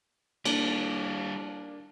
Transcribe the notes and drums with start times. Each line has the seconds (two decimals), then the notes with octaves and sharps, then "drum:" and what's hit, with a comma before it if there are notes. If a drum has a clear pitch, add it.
0.45 G3 A#3 D4 F4, drum: cymbal